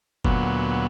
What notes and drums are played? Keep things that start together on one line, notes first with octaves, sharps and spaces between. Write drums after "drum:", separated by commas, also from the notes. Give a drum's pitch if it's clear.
D2 A#2 F#3 B3, drum: kick